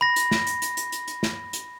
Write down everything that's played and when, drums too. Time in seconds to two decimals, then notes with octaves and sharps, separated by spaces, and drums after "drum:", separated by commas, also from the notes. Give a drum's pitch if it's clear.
0.01 B5 A#6
0.16 drum: hi-hat
0.31 drum: snare
0.47 drum: hi-hat
0.62 drum: hi-hat
0.77 drum: hi-hat
0.92 drum: hi-hat
1.08 drum: hi-hat
1.23 drum: snare
1.53 drum: hi-hat